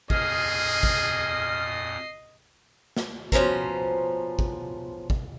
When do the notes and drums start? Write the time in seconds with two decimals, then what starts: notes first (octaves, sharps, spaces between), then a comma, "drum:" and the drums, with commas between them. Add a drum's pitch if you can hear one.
0.10 F2 A#2 G#4 D#5 D#6 F6 C7, drum: kick
0.83 drum: kick
2.97 drum: snare
3.32 B2 F3 C#4 C5 A#5, drum: kick
4.39 drum: kick
5.10 drum: kick